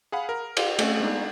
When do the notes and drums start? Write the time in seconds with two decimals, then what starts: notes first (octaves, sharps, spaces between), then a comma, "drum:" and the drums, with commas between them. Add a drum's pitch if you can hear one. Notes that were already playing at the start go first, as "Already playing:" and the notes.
0.12 G#4 F5 F#5 B5
0.29 A#4
0.57 F4 G4 C5, drum: cymbal
0.79 A3 C4 C#4 A4 D#5, drum: cymbal
1.00 G#3 B3 D4 D#4